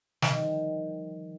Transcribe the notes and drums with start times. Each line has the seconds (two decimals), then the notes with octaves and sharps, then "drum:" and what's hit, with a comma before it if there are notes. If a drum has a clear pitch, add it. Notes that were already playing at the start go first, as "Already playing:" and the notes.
0.22 D#3 F3 G3, drum: snare